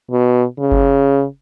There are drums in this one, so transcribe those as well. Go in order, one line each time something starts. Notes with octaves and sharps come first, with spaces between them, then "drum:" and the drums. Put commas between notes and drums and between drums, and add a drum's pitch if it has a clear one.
B2
C#3
drum: kick G1